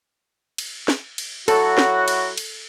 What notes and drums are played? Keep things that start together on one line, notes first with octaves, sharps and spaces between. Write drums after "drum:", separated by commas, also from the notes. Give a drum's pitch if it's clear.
drum: cymbal
drum: snare
drum: cymbal
F#3 E4 F#4 A4, drum: cymbal
drum: snare
drum: cymbal
drum: cymbal